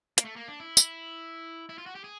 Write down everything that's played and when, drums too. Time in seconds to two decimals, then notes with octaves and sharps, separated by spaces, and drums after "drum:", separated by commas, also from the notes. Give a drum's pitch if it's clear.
0.18 A#3, drum: hi-hat
0.25 A3
0.36 A#3
0.48 D4
0.60 E4
0.77 drum: tambourine
1.69 E4
1.78 F4
1.86 F#4
1.95 G4
2.04 G#4